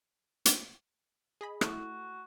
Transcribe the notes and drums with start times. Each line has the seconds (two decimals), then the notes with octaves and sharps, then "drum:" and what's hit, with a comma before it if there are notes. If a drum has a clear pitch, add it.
0.45 drum: hi-hat
1.41 G#4 D#5 B5
1.61 A3 E4 F#4, drum: rim click